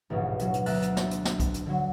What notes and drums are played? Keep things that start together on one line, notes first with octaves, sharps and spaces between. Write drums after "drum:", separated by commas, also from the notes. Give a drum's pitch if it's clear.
A1 D2 G#2 B2 F3
B2 F#3, drum: hi-hat
drum: hi-hat
D2 A3 E5 A5 A#5 F#6, drum: open hi-hat
drum: hi-hat
drum: snare
drum: hi-hat
drum: snare
drum: kick B1, hi-hat
drum: hi-hat
D3 F#3